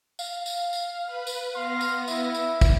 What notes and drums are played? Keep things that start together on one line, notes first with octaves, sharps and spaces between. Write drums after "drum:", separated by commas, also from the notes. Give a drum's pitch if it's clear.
F5, drum: tambourine
drum: tambourine
drum: tambourine
B4
drum: tambourine
B3 F5 C6 A#6
drum: tambourine
E4 E5, drum: tambourine
drum: tambourine
drum: kick, tambourine